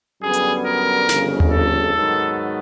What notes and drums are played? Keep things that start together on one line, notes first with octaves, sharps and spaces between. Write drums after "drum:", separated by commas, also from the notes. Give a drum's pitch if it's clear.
F#2 D3 G3 B3 G#4
drum: hi-hat
A#4
G1 F2 C#3, drum: snare
drum: tom D#2
A4
G#2 D#3 F#3 B3